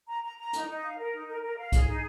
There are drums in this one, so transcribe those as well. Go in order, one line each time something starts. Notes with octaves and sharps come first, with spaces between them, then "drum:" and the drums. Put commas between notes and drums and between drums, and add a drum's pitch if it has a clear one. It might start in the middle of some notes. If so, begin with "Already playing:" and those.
A#5
A#5
A#5
D#4, drum: hi-hat
D#4
F5
A#4
D#4
A#4
A#4
F5
G#4, drum: kick, hi-hat
D#4